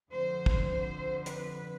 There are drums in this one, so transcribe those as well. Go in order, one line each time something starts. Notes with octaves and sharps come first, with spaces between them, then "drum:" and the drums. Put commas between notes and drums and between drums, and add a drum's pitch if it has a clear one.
F2 D3 C5
drum: kick
B4, drum: hi-hat